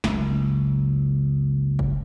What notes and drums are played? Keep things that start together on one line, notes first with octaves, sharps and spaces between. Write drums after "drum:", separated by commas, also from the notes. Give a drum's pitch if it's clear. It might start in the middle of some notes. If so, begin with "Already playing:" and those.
F#1 C#2, drum: snare
drum: kick